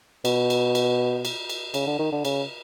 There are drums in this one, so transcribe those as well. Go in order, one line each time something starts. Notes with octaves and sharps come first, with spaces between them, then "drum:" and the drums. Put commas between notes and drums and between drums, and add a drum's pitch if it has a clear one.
B2, drum: cymbal
drum: cymbal
drum: cymbal
drum: cymbal
drum: cymbal
C#3, drum: cymbal
D3
D#3
D3
C#3, drum: cymbal